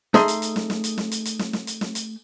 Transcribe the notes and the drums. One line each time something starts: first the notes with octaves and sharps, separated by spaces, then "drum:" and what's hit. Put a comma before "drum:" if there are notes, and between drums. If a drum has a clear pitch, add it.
A3 D#4 G#4 C6, drum: snare
drum: hi-hat
drum: hi-hat
drum: snare
drum: snare
drum: hi-hat
drum: snare
drum: hi-hat
drum: hi-hat
drum: snare
drum: snare
drum: hi-hat
drum: snare
drum: hi-hat